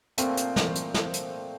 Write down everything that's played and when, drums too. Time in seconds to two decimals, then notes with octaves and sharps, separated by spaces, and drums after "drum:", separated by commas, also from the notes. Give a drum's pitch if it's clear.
0.18 A#2 F3 A3 C4 C5, drum: hi-hat
0.37 drum: hi-hat
0.56 drum: snare
0.75 drum: hi-hat
0.94 drum: snare
1.13 drum: hi-hat